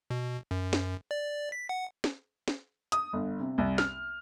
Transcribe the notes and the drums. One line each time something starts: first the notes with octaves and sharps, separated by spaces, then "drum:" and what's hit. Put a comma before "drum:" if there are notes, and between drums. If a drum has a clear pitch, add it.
B2
F#2
drum: snare
D5
B6
F#5
drum: snare
drum: snare
D#6, drum: hi-hat
G1
C3
C2
F6, drum: snare